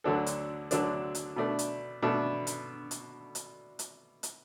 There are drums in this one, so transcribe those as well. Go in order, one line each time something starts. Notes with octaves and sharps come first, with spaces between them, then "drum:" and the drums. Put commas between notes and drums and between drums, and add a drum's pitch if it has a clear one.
D2 D3 F#3 D4 A4
drum: hi-hat
D2 D3 F#3 D4 A4, drum: hi-hat
drum: hi-hat
B2 A3 D4
drum: hi-hat
B2 A3 D4
drum: hi-hat
drum: hi-hat
drum: hi-hat
drum: hi-hat
drum: hi-hat